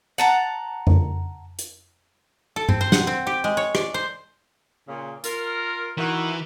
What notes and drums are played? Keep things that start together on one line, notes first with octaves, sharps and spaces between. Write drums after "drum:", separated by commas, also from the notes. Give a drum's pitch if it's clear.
F#5 A5 A#5
drum: tom F2
drum: hi-hat
A4
C4, drum: tom G2
C5
F#5, drum: snare
C4
G4
G#3
C#5
D5, drum: rim click
C5
A#2 C#3
F4 A#4, drum: hi-hat
D#3 E3 E4 F#4